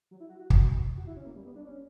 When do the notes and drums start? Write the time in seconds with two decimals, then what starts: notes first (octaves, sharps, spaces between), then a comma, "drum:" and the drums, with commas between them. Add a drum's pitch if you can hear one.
0.11 F#3
0.20 E4
0.29 F#4
0.39 F#4
0.50 drum: kick
0.97 F#4
1.07 E4
1.16 C#4
1.26 A#3
1.36 G3
1.46 B3
1.55 D4
1.65 C#4